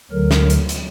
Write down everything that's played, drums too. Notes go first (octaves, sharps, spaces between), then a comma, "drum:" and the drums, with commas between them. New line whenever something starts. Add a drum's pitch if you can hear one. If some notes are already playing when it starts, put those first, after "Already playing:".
D2 D3 F#3 A#4
drum: snare
drum: hi-hat
drum: hi-hat